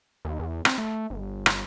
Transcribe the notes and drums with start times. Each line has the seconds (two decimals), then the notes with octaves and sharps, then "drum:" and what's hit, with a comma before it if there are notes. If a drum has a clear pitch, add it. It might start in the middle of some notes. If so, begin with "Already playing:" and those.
0.25 D#2
0.39 E2
0.65 C4, drum: rim click
0.78 A3
1.10 G1
1.46 drum: rim click